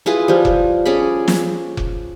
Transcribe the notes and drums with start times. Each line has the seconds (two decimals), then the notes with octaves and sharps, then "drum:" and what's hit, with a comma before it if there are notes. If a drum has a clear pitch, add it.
0.06 E4 F4 G#4 B4
0.28 F3 G3
0.45 drum: kick F1
0.86 C#4 G#4 D5 B5
1.28 drum: snare
1.77 drum: kick F1